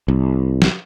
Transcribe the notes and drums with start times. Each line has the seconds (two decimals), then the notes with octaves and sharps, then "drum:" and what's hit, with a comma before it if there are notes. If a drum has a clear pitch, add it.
0.08 C2
0.62 drum: snare